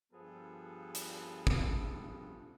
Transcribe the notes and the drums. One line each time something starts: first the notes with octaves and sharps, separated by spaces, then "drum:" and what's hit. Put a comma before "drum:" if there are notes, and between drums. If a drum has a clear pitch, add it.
G2 F3 B3 G#4 A4
drum: hi-hat
drum: kick